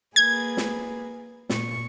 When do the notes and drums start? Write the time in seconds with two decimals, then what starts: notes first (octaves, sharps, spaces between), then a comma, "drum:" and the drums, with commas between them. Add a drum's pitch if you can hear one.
0.16 A#3 G#4 B4 G#6
0.57 drum: snare
1.49 A#2 C#6, drum: snare